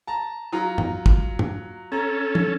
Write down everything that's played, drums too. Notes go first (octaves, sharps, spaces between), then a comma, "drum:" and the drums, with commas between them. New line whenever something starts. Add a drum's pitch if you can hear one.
A5 A#5
F#3 F4 A#5
drum: tom G2
drum: kick
drum: tom G2
C#4 A4 A#5
drum: tom